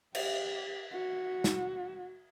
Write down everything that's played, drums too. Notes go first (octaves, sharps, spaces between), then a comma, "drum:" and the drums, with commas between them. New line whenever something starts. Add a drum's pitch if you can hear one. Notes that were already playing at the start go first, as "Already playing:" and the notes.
G4, drum: cymbal
F#4
drum: snare